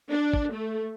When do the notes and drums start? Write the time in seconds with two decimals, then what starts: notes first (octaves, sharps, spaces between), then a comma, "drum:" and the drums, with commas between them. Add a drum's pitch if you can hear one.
0.11 D4
0.34 drum: kick G#1
0.54 A3